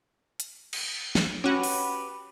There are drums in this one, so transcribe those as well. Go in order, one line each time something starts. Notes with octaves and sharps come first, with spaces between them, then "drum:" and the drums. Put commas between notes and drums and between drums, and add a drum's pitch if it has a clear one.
drum: hi-hat
drum: cymbal
drum: snare
C#4 F#4 G4 B4
drum: open hi-hat